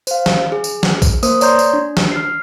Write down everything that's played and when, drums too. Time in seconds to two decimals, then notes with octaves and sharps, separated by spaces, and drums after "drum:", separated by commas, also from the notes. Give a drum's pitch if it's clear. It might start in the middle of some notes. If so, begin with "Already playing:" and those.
0.07 C5 F5, drum: tambourine
0.26 drum: snare
0.52 G#4
0.64 drum: tambourine
0.83 drum: snare
1.02 drum: kick A#1, tambourine
1.23 A#3 A#4 C5 D#6, drum: tambourine
1.41 C#5 D5 A#5 C6 G6, drum: tambourine
1.59 drum: tambourine
1.73 D4
1.97 drum: snare
2.12 F6 C7